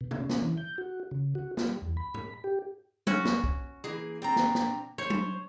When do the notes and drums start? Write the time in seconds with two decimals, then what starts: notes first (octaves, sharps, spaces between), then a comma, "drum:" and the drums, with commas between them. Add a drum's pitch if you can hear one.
0.01 B2
0.11 drum: tom
0.20 C#4
0.29 drum: snare
0.42 E3
0.57 G6
0.78 F#4
1.11 C#3
1.35 F#4
1.57 F4, drum: snare
1.69 G3
1.82 E2
1.97 B5
2.14 drum: tom G#2
2.44 G4
3.07 C#4 F#4, drum: tom F#3
3.25 drum: snare
3.44 drum: kick B1
3.84 E3 A#3 G#4
4.22 C4 D4 A#5
4.36 drum: snare
4.55 drum: snare
4.98 C5 C#5
5.10 drum: tom F#3